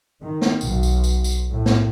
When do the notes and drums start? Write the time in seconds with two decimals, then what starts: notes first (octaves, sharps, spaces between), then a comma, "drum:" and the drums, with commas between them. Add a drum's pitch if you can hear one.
0.21 D#3
0.42 drum: snare
0.61 B1, drum: tambourine
0.83 drum: tambourine
1.04 drum: tambourine
1.24 drum: tambourine
1.50 A2
1.66 drum: snare